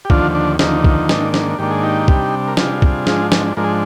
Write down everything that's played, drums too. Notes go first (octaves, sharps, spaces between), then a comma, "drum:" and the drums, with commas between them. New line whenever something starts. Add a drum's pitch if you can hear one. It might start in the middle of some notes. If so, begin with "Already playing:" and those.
G4
D#2 D3 F3 D4 F4, drum: kick B1
D4
D#2 D3 F3 D#4, drum: snare
drum: kick B1
G#2 D#3 A#3 D4, drum: snare
drum: snare
G#2 D#3 A#3 D4 G4
G#4
D#4 G4
C3 G3 D4, drum: kick B1
A#4
C3 G3 D4 F4 G#4, drum: snare
drum: kick B1
G#2 F3 G#3 D4, drum: snare
drum: snare
G#2 F3 G#3 D4 A#4
G#4